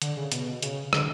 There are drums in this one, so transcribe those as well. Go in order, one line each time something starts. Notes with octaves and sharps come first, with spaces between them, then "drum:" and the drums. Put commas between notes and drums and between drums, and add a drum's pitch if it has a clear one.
D3, drum: hi-hat
C#3
B2, drum: hi-hat
C#3, drum: hi-hat
D3, drum: rim click